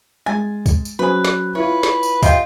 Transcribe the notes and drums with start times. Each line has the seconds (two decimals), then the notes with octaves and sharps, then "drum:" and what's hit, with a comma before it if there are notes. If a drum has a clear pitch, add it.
0.26 G#3 G#5 A6
0.66 drum: kick, tambourine
0.85 drum: tambourine
0.99 F#3 C#4 G#4 B4 C5
1.25 drum: snare
1.55 E4 F4 B4 C#5
1.83 drum: snare
2.03 drum: tambourine
2.23 C3 F4 D#5 G5, drum: kick, tambourine